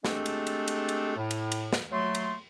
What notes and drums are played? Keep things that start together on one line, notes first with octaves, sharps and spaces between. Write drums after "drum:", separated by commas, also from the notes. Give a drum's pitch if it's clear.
G#3 A3 C4 D4 G4 A4, drum: snare
drum: cymbal
drum: cymbal
drum: cymbal
drum: cymbal
A2
drum: cymbal
drum: cymbal
drum: snare
F#3 A3 C6
drum: cymbal